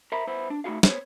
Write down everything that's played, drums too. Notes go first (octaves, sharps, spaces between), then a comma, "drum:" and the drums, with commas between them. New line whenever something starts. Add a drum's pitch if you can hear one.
A#4 C5 E5 A#5 B5
B3 E4 C5
D4
A3 D#4 E4 F#4 G#4 F5
B3 C5 C#5, drum: snare